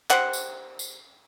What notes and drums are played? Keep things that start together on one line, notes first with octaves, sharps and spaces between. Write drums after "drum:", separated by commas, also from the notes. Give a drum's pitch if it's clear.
G4 C5 F#5, drum: clap
drum: tambourine
drum: tambourine